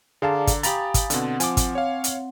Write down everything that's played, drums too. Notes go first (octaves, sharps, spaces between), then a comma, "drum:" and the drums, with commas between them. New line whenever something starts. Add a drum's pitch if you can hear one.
D3 G#4 D5 F5 A5 A#5 D6
drum: kick, hi-hat
G4 F5 G#5 A#5 B5 D#6 A6, drum: hi-hat
drum: kick, hi-hat
B2 D3 C4 F#5, drum: hi-hat
F3 G#5 D6, drum: hi-hat
drum: kick, hi-hat
C#5 F5
drum: hi-hat